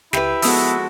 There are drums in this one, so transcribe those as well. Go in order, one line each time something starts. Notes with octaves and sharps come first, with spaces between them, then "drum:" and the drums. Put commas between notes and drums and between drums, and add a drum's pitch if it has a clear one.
C#2 E4 G4 B4 E5, drum: snare
F3 G#3 B3 F#4 A4 D#6 E6, drum: open hi-hat